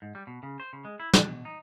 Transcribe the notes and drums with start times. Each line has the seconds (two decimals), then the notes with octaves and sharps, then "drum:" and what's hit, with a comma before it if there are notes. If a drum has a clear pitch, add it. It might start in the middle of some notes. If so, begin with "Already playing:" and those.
0.02 G#2
0.15 G3
0.27 B2
0.43 C#3
0.60 C5
0.73 C#3
0.85 G#3
1.00 E4
1.13 D4, drum: snare
1.28 B2
1.45 D#4